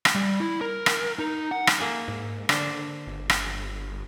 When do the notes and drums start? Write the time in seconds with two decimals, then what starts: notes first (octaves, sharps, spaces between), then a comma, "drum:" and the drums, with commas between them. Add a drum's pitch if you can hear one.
0.05 drum: rim click
0.15 G3
0.40 E4
0.61 A#4
0.86 drum: rim click
1.19 D#4
1.51 F#5
1.67 drum: rim click
1.79 A#3 G#4 E5
2.08 G#2
2.49 D3 D4 C5, drum: rim click
3.07 G1
3.30 drum: rim click